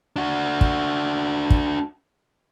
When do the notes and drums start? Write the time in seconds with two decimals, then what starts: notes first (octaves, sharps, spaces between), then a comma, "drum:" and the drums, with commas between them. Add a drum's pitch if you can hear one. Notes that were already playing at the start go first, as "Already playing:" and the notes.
0.16 D4 F#4
0.61 drum: kick
1.50 drum: kick